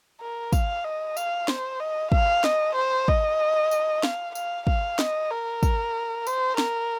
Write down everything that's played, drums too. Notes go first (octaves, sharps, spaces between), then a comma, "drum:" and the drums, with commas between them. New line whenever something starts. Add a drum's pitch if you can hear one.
A#4
F5, drum: kick, tambourine
D#5
F5, drum: tambourine
C5, drum: snare
D#5
F5, drum: kick
D#5, drum: snare
C5
D#5, drum: kick
drum: tambourine
F5, drum: snare
F5, drum: tambourine
F5, drum: kick
D#5, drum: snare
A#4
drum: kick, tambourine
C5, drum: tambourine
A#4, drum: snare